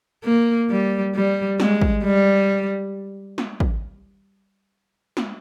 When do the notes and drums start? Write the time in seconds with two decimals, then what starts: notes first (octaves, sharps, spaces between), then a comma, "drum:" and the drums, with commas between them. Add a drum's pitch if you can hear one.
0.25 A#3
0.70 G3
1.15 G3
1.60 G#3, drum: snare
1.81 drum: kick
2.04 G3
3.38 drum: snare
3.60 drum: kick
5.17 drum: snare